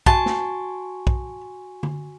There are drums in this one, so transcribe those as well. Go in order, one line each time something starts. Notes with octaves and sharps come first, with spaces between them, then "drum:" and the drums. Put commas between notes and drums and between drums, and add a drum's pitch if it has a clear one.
F#4 G#5 A5 C#6, drum: kick
drum: snare
drum: kick
drum: tom D3